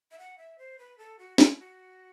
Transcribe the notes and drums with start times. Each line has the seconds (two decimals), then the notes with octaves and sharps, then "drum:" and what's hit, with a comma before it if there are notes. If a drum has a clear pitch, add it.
0.11 E5
0.18 F#5
0.38 E5
0.58 C5
0.79 B4
0.98 A4
1.19 F#4
1.38 E4, drum: snare
1.59 F#4